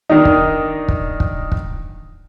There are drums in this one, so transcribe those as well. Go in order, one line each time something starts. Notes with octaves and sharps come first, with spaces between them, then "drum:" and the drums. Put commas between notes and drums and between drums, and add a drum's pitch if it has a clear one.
D#3 D4 D#4
drum: kick
drum: kick
drum: kick
drum: kick